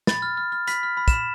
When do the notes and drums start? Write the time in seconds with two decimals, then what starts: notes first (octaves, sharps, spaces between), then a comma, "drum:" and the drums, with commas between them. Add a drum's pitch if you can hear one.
0.07 B5 A6, drum: snare
0.22 F6
0.37 F6
0.52 F6
0.67 B5 B6, drum: hi-hat
0.83 F6
0.97 B5
1.08 B5 E7, drum: kick, hi-hat